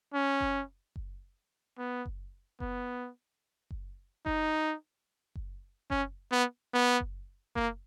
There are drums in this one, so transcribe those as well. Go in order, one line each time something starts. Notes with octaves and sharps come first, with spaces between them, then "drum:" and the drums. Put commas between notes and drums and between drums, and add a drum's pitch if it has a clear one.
C#4
drum: kick F#1
drum: kick F#1
B3
drum: kick F#1
B3, drum: kick F#1
drum: kick F#1
D#4, drum: kick F#1
drum: kick F#1
C#4, drum: kick F#1
B3
B3
drum: kick F#1
A#3, drum: kick F#1